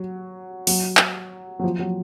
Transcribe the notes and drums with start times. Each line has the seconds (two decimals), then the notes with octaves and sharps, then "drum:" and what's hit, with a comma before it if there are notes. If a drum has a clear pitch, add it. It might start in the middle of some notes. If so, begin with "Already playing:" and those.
Already playing: F#3
0.67 F#3, drum: open hi-hat
0.97 drum: clap
1.59 F#3
1.64 F3
1.79 F#3